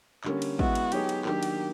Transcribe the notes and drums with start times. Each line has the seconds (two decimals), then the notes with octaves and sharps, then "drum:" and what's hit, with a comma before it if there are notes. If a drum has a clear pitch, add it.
0.24 D3 G3 A#3 C#4, drum: clap
0.42 drum: cymbal
0.59 G#3 B3 E4 F#4, drum: kick
0.75 drum: cymbal
0.92 F#3 B3 D#4 G4 G#4 C#5, drum: cymbal
1.09 drum: cymbal
1.25 D#3 F#3 A#3 D4 G4, drum: clap
1.43 drum: cymbal